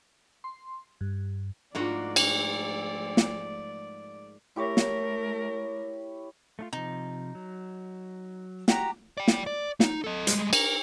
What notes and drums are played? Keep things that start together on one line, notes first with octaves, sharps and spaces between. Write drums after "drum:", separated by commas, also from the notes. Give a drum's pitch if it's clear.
C6
G2
G#2 F3 A3 A#3 D4 F4 F#4 D5
drum: cymbal
drum: snare
A3 E4 G4 A#4 C#5
drum: snare
A3 D4 F4
C3 F3 D#4
F#3
F#4 G4 A#5, drum: snare
D5 G5
drum: snare
D5
D#4, drum: snare
A4 D#5
G3 G#3, drum: hi-hat
A#4, drum: cymbal